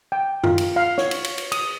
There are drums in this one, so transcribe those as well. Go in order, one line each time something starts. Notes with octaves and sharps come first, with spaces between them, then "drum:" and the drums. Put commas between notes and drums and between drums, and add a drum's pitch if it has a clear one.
G5
F4, drum: tom F#2
drum: cymbal
F5
C#5, drum: snare
drum: cymbal
drum: cymbal
drum: cymbal
D#6, drum: cymbal